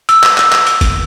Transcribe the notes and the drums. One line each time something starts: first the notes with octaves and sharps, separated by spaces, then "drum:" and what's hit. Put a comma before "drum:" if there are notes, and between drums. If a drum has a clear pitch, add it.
E6, drum: hi-hat
drum: clap
drum: clap
drum: clap
drum: hi-hat
drum: kick G1, hi-hat